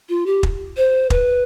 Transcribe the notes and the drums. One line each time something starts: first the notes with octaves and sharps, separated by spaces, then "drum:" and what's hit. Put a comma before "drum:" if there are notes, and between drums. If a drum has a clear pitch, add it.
F4
G4
drum: kick
C5
B4, drum: kick